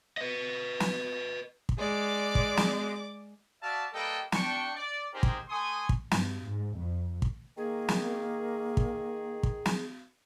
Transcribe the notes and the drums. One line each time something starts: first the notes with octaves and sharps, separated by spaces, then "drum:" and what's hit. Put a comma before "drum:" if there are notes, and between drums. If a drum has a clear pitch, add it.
B4 D#5
drum: snare
drum: kick
G#3 D5 D6
drum: kick
drum: snare
F#4 D5 E5 F5 A5
G3 A#3 A4 B4 D#5 G5
D4 G5 C#6, drum: snare
D5
C4 D#4 G4 G#4 A#4 C5
drum: kick
A3 G#5 C6 C#6 D#6
drum: kick
G2, drum: snare
G#2
F2
drum: kick
D#3 A#3 G#4
drum: snare
drum: kick
drum: kick
drum: snare